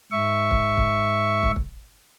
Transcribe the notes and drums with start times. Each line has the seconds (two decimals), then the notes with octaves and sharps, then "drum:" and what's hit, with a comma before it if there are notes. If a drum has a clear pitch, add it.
0.12 G#2 E5 C#6
0.51 drum: kick
0.77 drum: kick
1.43 drum: kick
1.56 drum: kick